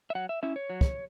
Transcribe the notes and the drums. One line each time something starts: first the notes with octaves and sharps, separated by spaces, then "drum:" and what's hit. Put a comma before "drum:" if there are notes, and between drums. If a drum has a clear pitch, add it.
E5
F#3 F#5
E5
C#4 E4 E5
C#5
F#3
drum: kick